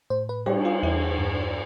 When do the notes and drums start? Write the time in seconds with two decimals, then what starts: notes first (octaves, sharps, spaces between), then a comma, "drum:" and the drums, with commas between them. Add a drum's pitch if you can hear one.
0.10 A2 C5
0.29 B4
0.46 G3 G4, drum: cymbal
0.65 F4
0.83 E2 E4
1.18 G2